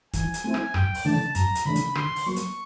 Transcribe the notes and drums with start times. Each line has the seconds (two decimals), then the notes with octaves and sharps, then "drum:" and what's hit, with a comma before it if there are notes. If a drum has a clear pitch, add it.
0.13 E3 G#5, drum: kick, hi-hat
0.34 drum: hi-hat
0.44 A3 C4 E4 G#5
0.54 drum: rim click
0.74 F#2 G5, drum: rim click
0.95 drum: open hi-hat
1.05 C#3 E3 A3 D4 A5
1.35 F#2 A#5, drum: hi-hat
1.55 drum: hi-hat
1.65 C#3 E3 A3 D4 B5
1.76 drum: hi-hat
1.95 D3 C6, drum: rim click
2.16 drum: open hi-hat
2.26 F#3 A#3 C#6
2.36 drum: hi-hat